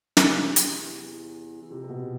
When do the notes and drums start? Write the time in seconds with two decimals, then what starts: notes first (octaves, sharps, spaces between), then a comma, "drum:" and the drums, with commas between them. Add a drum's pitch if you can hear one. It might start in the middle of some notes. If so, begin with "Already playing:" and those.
0.17 F#2 C3, drum: snare
0.56 E2, drum: hi-hat
0.81 E2
1.62 E2
1.70 F2 C3
1.83 C3
1.89 B2